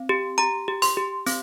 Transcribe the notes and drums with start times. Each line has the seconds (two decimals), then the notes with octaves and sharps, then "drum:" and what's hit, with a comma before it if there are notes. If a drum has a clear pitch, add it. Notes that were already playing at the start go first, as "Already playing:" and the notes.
Already playing: C4
0.09 G4
0.38 G4 A#5
0.68 G4
0.82 C6, drum: hi-hat
0.97 G4
1.26 C4, drum: hi-hat